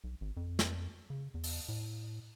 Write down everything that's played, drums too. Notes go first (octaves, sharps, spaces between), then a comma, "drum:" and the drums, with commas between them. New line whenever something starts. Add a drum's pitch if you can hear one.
B1
G#1
F2
drum: snare
C#3
E2
drum: open hi-hat
A2